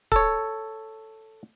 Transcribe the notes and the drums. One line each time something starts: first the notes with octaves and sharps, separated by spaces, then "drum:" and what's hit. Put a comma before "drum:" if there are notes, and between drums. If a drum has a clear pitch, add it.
A4 C#5, drum: kick C#1